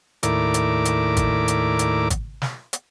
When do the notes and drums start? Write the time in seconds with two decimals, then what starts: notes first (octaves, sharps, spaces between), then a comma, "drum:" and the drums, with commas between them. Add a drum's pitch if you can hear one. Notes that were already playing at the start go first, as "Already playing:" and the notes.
0.23 D#2 A2 E4 A#4 D5 D6, drum: hi-hat
0.54 drum: hi-hat
0.85 drum: hi-hat
1.17 drum: kick G#1, hi-hat
1.48 drum: hi-hat
1.79 drum: hi-hat
2.10 drum: kick G#1, hi-hat
2.42 drum: snare
2.73 drum: hi-hat